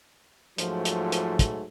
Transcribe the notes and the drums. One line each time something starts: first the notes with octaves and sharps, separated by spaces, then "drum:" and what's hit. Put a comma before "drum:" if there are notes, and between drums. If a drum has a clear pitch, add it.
G#2 F3 F#3 A3, drum: hi-hat
drum: hi-hat
drum: hi-hat
drum: kick, hi-hat